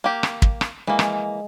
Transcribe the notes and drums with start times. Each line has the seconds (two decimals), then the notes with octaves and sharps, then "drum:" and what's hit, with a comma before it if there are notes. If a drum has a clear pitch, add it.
0.04 A#3 G4
0.23 drum: rim click
0.42 drum: kick
0.61 drum: rim click
0.87 E3 G#3 A#3
0.99 drum: rim click